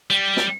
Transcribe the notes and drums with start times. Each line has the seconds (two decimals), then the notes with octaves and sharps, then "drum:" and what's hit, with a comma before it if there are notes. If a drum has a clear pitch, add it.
0.10 G3
0.37 drum: snare